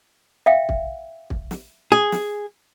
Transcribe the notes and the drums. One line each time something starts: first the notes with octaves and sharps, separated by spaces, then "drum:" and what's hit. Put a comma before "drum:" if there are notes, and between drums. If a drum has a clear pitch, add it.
E5 F5 G5
drum: kick
drum: kick
drum: snare
G#4
drum: snare